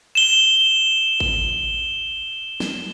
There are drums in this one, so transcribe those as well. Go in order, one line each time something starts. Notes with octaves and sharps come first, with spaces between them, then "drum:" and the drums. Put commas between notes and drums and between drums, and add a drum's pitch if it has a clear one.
E7 G7
drum: kick G#1
drum: snare